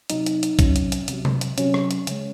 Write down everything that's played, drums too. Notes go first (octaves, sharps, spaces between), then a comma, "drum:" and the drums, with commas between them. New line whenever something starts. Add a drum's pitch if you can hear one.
C3 F#3 D#4, drum: hi-hat
drum: hi-hat
drum: hi-hat
C3 F#3 C#4, drum: kick, hi-hat
drum: hi-hat
drum: hi-hat
C3, drum: hi-hat
F#3
drum: tom C3
drum: hi-hat
C3 F#3 C#4, drum: hi-hat
drum: rim click
drum: hi-hat
C#3 G#3, drum: hi-hat